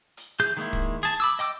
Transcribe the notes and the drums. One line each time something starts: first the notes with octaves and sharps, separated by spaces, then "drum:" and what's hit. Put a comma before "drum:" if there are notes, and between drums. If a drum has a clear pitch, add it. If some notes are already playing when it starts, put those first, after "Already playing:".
drum: hi-hat
E3 G#4 G6
D#3 G#3 A#3 E4
drum: kick
G#4 A5
B5 D6 E6
D#5 G5 D6 E6